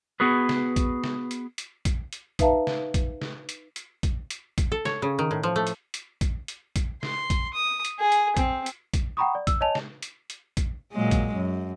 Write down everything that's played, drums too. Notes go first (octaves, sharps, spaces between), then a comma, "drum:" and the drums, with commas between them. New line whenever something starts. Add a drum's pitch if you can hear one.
B3 F#4 G#4 B4
drum: snare
drum: kick A#1, hi-hat
drum: snare
drum: hi-hat
drum: hi-hat
drum: kick A#1, hi-hat
drum: hi-hat
D#4 B4 E5 F5 A5 A#5, drum: kick A#1, hi-hat
drum: snare
drum: kick A#1, hi-hat
drum: snare
drum: hi-hat
drum: hi-hat
drum: kick A#1, hi-hat
drum: hi-hat
drum: kick A#1, hi-hat
A4
C#5, drum: snare
C#3
D#3
A2
F3
A3
drum: hi-hat
drum: hi-hat
drum: kick A#1, hi-hat
drum: hi-hat
drum: kick A#1, hi-hat
C6, drum: snare
drum: kick A#1, hi-hat
D#6
drum: hi-hat
G#4
drum: hi-hat
C4, drum: kick A#1, hi-hat
drum: hi-hat
drum: kick A#1, hi-hat
F#5 G5 A#5 B5 C#6 D#6
D5
E6, drum: kick A#1, hi-hat
C#5 D#5 G#5 A5 F7
drum: snare
drum: hi-hat
drum: hi-hat
drum: kick A#1, hi-hat
A#2 F#3 G#3
drum: kick A#1, hi-hat
F#2